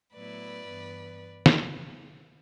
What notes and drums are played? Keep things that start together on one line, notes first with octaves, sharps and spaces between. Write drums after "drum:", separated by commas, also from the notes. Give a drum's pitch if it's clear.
A2 F#3 B3 E4 B4 D5
G2 E3 B3
drum: snare